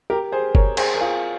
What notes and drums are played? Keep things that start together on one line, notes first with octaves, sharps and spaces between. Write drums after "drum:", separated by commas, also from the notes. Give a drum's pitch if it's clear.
G4 A#4
G#4 C5
A#4 C#5, drum: kick
G#4 C5, drum: cymbal
A#4
F4 G#4